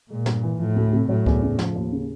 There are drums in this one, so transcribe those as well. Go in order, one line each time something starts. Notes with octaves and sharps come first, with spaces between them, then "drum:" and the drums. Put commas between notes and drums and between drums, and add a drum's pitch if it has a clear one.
A#2 G#3
G2, drum: snare
E3
A2 F3
D2
C3
A2 F#3
E2, drum: kick C#2
C#3
F3, drum: snare
D#2
C#3